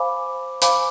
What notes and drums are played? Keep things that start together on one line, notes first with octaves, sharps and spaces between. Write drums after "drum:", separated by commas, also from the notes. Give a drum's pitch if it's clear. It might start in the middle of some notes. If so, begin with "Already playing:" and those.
Already playing: C5 F5 G#5 B5 D6
C5 F5 G#5 B5 D6, drum: hi-hat